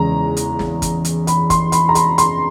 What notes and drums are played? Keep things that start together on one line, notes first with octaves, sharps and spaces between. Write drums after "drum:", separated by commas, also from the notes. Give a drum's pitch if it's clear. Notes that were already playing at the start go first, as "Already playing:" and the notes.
Already playing: E2 C#3 G#3 A#5
drum: hi-hat
drum: snare
drum: kick G1, hi-hat
drum: hi-hat
B5, drum: hi-hat
C6, drum: kick G1, hi-hat
B5, drum: hi-hat
A#5
B5, drum: hi-hat
C6, drum: hi-hat